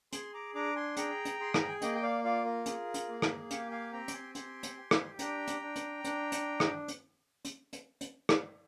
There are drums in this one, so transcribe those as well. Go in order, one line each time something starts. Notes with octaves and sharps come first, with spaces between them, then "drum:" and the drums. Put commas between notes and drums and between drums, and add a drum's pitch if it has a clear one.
G#4 G#5 C6, drum: hi-hat
A#5 D6
D4 A#5 D6
G#5 C6
G#4 G5 A#5, drum: hi-hat
drum: hi-hat
G#4 C6
A#5, drum: rim click
G#5
A#3 D#5 G5, drum: hi-hat
G5
D5 F5
F4 D5 F5
A#4
G#4, drum: hi-hat
drum: hi-hat
A#3
drum: rim click
G4 F5 G#5, drum: hi-hat
F5 G#5
C4 G5 A#5
D6, drum: hi-hat
G#5 C6
G4 G#5 C6, drum: hi-hat
drum: hi-hat
G4
drum: rim click
D4 G5 A#5, drum: hi-hat
drum: hi-hat
D4
drum: hi-hat
D4, drum: hi-hat
drum: hi-hat
drum: rim click
drum: hi-hat
drum: hi-hat
drum: hi-hat
drum: hi-hat
drum: rim click